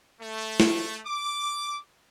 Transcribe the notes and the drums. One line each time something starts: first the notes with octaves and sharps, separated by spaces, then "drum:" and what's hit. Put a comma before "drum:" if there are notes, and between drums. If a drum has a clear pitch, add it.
A3
drum: snare
D6